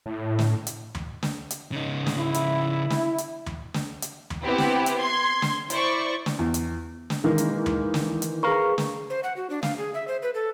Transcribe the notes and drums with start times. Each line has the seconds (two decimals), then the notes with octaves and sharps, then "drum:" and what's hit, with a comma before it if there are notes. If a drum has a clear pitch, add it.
0.06 A2
0.39 drum: snare
0.67 drum: hi-hat
0.95 drum: tom D2
1.23 drum: snare
1.51 drum: hi-hat
1.72 C#3 D#4
2.06 drum: snare
2.18 E4
2.34 drum: hi-hat
2.90 drum: snare
3.18 drum: hi-hat
3.46 drum: tom D2
3.74 drum: snare
4.02 drum: hi-hat
4.30 drum: tom D2
4.44 B3 C4 E4 G4
4.58 drum: snare
4.86 drum: hi-hat
4.98 C6 G#6
5.42 drum: snare
5.70 E4 C5 D5 C#6, drum: hi-hat
6.26 drum: snare
6.39 E2
6.54 drum: hi-hat
7.10 drum: snare
7.24 D#3 E3 G#3 A#3
7.38 drum: hi-hat
7.66 drum: tom D2
7.94 drum: snare
8.22 drum: hi-hat
8.43 G#4 A#4 B4 F5 C#6
8.78 drum: snare
9.10 C5
9.24 F#5
9.36 F#4
9.50 D4
9.63 F5, drum: snare
9.78 G#4
9.94 E5
10.08 C5
10.23 B4
10.35 A4